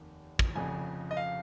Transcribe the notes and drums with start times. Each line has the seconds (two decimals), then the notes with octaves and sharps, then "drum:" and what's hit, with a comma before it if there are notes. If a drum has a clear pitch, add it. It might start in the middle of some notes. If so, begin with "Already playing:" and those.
Already playing: F1 D#2 D#3
0.39 drum: kick
0.55 F1 F2 C#3 G#5
1.11 D#5
1.17 F5